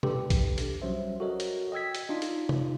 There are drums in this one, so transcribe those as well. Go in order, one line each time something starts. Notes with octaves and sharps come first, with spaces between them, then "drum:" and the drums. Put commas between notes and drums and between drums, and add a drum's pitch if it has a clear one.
D4 G4 A4 B4, drum: tom B2
drum: kick, hi-hat
drum: hi-hat
F#3 G3 C#4 C5 E5
F#4 A4 A#4 C#5 D#5
drum: hi-hat
D#5 G5 E6 G#6 B6
drum: hi-hat
D4 D#4 F4
drum: hi-hat
drum: tom C3